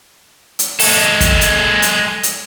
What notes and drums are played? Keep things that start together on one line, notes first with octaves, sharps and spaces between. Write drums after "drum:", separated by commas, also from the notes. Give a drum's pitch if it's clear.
drum: hi-hat
G#3 A4, drum: open hi-hat
drum: kick, hi-hat
drum: hi-hat
drum: hi-hat
drum: hi-hat